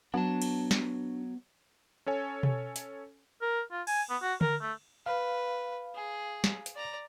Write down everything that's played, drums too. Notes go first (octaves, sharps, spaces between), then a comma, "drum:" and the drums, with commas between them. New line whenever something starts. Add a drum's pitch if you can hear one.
F#3 B3 D4 A5
drum: cymbal
drum: snare
C#4 A4 C#5 G#5
drum: tom B2
drum: hi-hat
A#4
F4
G#5, drum: cymbal
B3
F#4
A#4, drum: tom D3
A3
B4 F5
G#4
drum: snare
drum: hi-hat
D5 A#5